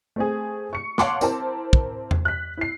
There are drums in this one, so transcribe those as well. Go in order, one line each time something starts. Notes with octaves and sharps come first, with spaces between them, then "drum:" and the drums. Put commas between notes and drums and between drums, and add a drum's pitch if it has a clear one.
A3 C4 G#4
C#6 C#7
C#5 F5 F#5 A5 C6 D6, drum: snare
C4 E4 A#4 C5 A5, drum: tambourine
drum: kick
drum: tom E2
F#6 B6
E4 C7